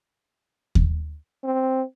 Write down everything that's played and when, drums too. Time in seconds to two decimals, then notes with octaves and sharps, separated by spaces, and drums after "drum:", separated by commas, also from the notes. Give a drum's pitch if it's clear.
0.75 drum: kick D#2
1.44 C4